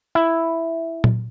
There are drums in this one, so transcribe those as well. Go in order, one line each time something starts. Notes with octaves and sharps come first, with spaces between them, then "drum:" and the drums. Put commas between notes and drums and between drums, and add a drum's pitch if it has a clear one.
E4
drum: tom A#2